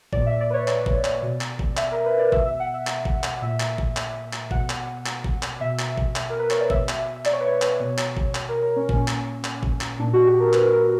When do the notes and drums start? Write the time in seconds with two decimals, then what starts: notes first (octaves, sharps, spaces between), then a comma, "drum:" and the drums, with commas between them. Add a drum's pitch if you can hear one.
0.13 A#2 D5, drum: kick G#1
0.26 E5
0.41 D5
0.50 B4
0.54 C#5
0.68 D5, drum: clap
0.86 drum: kick G#1
1.04 drum: clap
1.22 B2
1.41 drum: clap
1.59 drum: kick G#1
1.77 E5, drum: clap
1.92 A#4
2.05 B4
2.19 D5
2.32 B2 E5, drum: kick G#1
2.45 E5
2.60 F#5
2.74 E5
2.87 drum: clap
3.05 drum: kick G#1
3.24 drum: clap
3.42 A#2 E5
3.60 drum: clap
3.78 drum: kick G#1
3.97 drum: clap
4.33 drum: clap
4.51 B2 F#5, drum: kick G#1
4.70 drum: clap
5.06 drum: clap
5.24 drum: kick G#1
5.43 drum: clap
5.61 B2 E5
5.79 drum: clap
5.97 drum: kick G#1
6.16 drum: clap
6.30 A#4
6.39 B4
6.51 C#5, drum: clap
6.60 D5
6.70 B2 E5, drum: kick G#1
6.89 drum: clap
7.25 D5, drum: clap
7.33 C#5
7.40 B4
7.47 C#5
7.62 drum: clap
7.80 B2
7.98 drum: clap
8.17 drum: kick G#1
8.35 drum: clap
8.49 A#4
8.63 A#4
8.76 C#4
8.89 A#2 C#4, drum: kick G#1
9.08 drum: clap
9.44 drum: clap
9.63 drum: kick G#1
9.81 drum: clap
9.99 A#2 D4
10.13 F#4
10.27 G4
10.40 A#4
10.53 B4, drum: clap
10.73 A#4